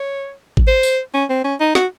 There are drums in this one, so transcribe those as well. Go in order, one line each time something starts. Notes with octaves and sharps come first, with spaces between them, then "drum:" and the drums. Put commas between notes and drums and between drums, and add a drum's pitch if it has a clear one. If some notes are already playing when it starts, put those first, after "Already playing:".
Already playing: C#5
drum: kick G#1
C5
drum: tambourine
C#4
C4
C#4
D#4
F#4, drum: snare